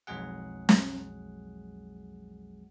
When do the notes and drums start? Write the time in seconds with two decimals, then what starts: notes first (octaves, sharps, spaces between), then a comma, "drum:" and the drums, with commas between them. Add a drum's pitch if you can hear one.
0.07 B1 F2 F#3 G#3 G#4 F#5
0.69 drum: snare